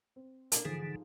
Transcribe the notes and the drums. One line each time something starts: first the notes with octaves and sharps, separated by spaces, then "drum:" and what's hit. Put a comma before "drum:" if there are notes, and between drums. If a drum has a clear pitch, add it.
C4
A#3 D4, drum: hi-hat
G#2 D3 E3 F3 G#4